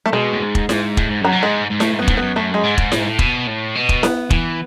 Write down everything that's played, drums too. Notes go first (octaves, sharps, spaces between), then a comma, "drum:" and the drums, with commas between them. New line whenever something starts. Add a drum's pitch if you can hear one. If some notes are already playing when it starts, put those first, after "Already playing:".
A3
B2 G#3
A2
G#2
drum: kick E1
G#2, drum: snare E4
A2, drum: kick E1
G#2
F#2 F#3
G#2
G#3
G#2
A2 A3, drum: snare E4
G#2
F#2 B3
G#2, drum: kick E1
F#2 B3
F#2 A3
G#3
G#2
drum: kick E1
A2, drum: snare E4
G#2
A2
B2, drum: kick E1
A2
B2
drum: kick E1
B3, drum: snare E4
E3, drum: kick E1